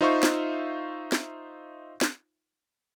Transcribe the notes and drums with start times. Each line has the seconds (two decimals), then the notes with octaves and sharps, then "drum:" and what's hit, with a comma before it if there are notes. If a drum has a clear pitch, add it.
0.01 D#4 F4 C5 E5 F5 C#6
0.23 drum: snare
1.12 drum: snare
2.01 drum: snare